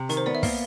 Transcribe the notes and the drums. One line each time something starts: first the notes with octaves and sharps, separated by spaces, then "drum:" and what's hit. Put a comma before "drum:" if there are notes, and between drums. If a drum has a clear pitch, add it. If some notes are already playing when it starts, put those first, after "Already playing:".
Already playing: C3
D#3 A#4, drum: hi-hat
C5
B3 D5
E5
A#3 F5, drum: kick, open hi-hat